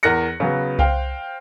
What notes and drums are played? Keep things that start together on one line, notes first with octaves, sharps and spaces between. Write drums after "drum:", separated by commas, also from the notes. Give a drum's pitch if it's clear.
E2 A#4 F#6 A#6 C#7
C#3 F#3 B3
C5 F5 G5, drum: tom C2